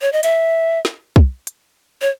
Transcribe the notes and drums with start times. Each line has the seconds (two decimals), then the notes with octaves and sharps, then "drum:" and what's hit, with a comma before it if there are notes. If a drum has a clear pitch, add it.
0.02 C#5
0.12 D#5
0.23 E5, drum: hi-hat
0.85 drum: snare
1.16 drum: kick
1.47 drum: hi-hat
2.02 C#5